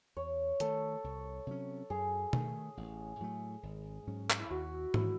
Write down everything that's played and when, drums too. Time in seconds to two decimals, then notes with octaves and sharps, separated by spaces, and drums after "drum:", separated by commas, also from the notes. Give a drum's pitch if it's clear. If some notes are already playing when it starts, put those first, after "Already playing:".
0.16 E2 C#5
0.60 D#3 A3 A4, drum: hi-hat
1.04 C2
1.47 C3 F#3 C#4
1.90 F#2 G#4
2.33 D#3 A3, drum: tom B2
2.77 A1
3.20 A2 F#3 A3
3.63 G#1
4.07 G#2 F#3 C#4
4.30 drum: clap
4.40 E4
4.50 D#2 F#4
4.94 D#3 G#3 E4, drum: tom G#2